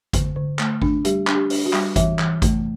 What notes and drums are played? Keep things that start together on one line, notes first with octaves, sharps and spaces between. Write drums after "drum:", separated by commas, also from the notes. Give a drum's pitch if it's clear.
D3, drum: kick G#1, hi-hat
D3
A3, drum: clap
D4, drum: kick G#1
G3 G4, drum: hi-hat
D4, drum: clap
G4
D4, drum: open hi-hat
F#4
G3, drum: clap
E3 E5, drum: kick G#1, hi-hat
E3, drum: clap
A3, drum: kick G#1, hi-hat